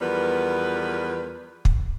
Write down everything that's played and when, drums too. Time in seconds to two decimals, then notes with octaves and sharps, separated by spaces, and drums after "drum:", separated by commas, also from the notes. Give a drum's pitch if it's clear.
0.01 E2 F3 G3 B3 A#4 B4
1.65 drum: kick